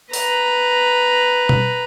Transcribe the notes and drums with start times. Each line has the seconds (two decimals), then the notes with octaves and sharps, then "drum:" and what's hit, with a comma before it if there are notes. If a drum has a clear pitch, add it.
0.13 B4 A#5, drum: open hi-hat
1.49 drum: tom B2